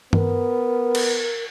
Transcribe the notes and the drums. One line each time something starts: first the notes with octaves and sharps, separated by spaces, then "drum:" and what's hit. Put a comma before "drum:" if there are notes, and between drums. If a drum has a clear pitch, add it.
B3 A#4, drum: tom G2
drum: cymbal